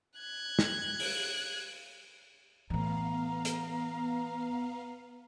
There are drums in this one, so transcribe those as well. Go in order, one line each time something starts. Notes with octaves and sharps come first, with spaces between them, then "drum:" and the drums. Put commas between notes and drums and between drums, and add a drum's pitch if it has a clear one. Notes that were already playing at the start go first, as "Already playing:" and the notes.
F#6 G#6
drum: snare
drum: open hi-hat
A2 E3 B3 F5 A#5
drum: hi-hat